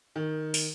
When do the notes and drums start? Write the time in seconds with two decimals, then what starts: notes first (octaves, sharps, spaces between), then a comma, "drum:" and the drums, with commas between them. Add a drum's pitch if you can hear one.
0.16 D#3
0.54 drum: open hi-hat